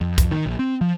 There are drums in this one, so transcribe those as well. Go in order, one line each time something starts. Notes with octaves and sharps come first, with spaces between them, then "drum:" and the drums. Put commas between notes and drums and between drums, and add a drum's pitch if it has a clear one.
F2
drum: kick, hi-hat
D#3
A#1
C4
F3